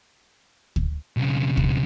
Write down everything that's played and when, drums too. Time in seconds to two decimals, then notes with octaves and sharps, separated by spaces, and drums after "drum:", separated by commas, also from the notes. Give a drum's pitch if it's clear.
0.76 drum: kick
1.17 B1 C#3
1.57 drum: kick